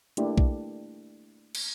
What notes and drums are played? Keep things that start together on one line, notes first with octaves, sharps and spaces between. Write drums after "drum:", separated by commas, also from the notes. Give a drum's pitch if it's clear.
A3 A#3 D4 E4 G4, drum: hi-hat
drum: kick B1
drum: cymbal